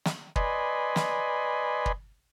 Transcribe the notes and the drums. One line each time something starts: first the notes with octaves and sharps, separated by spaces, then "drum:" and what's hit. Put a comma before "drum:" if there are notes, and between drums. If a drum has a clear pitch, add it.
drum: snare
B4 D5 D#5 G#5 B5 C6, drum: kick
drum: snare
drum: kick